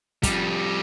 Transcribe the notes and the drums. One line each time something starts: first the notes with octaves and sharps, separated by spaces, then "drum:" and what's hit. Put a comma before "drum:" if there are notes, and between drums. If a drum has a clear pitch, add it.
F2 G3, drum: kick, hi-hat